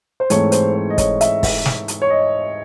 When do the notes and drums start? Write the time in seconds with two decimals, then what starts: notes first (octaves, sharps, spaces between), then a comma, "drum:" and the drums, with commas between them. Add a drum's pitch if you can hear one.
0.20 C5
0.30 G#2 E3 A3 C4 C#5, drum: hi-hat
0.52 C5, drum: hi-hat
0.74 C5
0.90 D#5
0.98 C#5, drum: kick, hi-hat
1.21 E5, drum: hi-hat
1.43 drum: kick, open hi-hat
1.66 drum: snare
1.88 drum: hi-hat
2.02 C#5
2.10 D#5